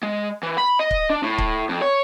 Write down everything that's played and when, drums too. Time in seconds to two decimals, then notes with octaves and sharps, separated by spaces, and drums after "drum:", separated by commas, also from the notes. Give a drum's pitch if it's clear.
0.03 G#3
0.43 E3
0.58 B5
0.79 D#5
0.91 drum: kick C#1
1.10 D4
1.23 A2
1.38 drum: kick C#1
1.69 F2
1.82 C#5